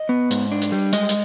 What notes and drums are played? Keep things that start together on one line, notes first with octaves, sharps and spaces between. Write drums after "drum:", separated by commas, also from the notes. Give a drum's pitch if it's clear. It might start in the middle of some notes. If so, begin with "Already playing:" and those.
Already playing: D#5
B3
G#2, drum: hi-hat
D4
drum: hi-hat
G3
G#3 D#5, drum: hi-hat
drum: hi-hat